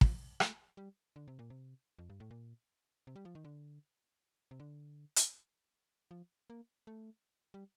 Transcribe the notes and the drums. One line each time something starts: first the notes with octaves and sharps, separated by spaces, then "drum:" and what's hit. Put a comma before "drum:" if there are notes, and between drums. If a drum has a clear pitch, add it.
F3, drum: kick
A3, drum: rim click
G3
D3
C3
A#2
C3
F2
G2
A2
A#2
C3
G3
F3
D#3
D3
C3
D3
drum: hi-hat
F3
A#3
A3
G3